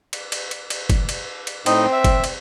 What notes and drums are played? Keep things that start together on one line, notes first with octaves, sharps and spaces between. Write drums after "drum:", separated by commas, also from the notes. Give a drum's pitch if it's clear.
drum: cymbal
drum: cymbal
drum: cymbal
drum: cymbal
drum: kick, cymbal
drum: cymbal
drum: cymbal
A2 C4 D#4 D#5, drum: cymbal
E5
drum: kick, cymbal
drum: cymbal